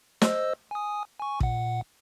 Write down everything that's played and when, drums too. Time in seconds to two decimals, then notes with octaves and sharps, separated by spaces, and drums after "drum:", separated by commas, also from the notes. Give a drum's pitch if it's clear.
0.22 C5 D#5 E6, drum: snare
0.71 G#5 D#6
1.20 G#5 C#6
1.40 A#2 F#5, drum: kick